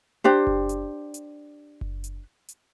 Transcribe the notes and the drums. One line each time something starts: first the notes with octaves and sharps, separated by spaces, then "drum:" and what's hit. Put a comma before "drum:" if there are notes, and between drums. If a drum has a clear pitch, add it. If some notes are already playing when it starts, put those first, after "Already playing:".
D4 G4 C5
drum: kick F#1
drum: hi-hat
drum: hi-hat
drum: kick F#1
drum: hi-hat
drum: hi-hat